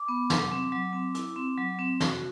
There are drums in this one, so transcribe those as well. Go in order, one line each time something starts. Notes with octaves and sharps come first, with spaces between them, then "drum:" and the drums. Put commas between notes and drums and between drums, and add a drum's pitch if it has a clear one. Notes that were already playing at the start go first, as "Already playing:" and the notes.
Already playing: D6
B3
F#3, drum: snare
C4
F#3
C4
E4, drum: hi-hat
C4
F#3
C4
F#4, drum: snare